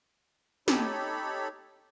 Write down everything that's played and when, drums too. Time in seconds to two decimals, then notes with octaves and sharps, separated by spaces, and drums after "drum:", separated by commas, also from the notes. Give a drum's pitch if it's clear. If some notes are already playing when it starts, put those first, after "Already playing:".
0.68 D#4 G4 A4 C#5 B5, drum: snare